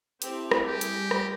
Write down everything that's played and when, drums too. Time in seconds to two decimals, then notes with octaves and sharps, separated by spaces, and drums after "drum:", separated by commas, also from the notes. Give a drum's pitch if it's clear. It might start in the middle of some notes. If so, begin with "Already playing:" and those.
0.22 C4 E4 G4 A4, drum: hi-hat
0.51 drum: rim click
0.68 G3 G4 G#4 A#6
0.81 drum: hi-hat
1.11 drum: rim click